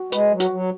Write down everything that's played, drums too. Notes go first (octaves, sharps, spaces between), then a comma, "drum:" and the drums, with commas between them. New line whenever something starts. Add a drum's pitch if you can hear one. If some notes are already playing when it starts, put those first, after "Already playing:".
Already playing: F#4
G#3 B4, drum: hi-hat
F#3
F#4, drum: hi-hat
F#3